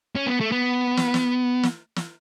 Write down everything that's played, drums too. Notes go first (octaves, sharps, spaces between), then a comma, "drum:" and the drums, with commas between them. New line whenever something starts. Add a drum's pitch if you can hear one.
C#4
B3
A3
B3
drum: snare
drum: snare
drum: snare
drum: snare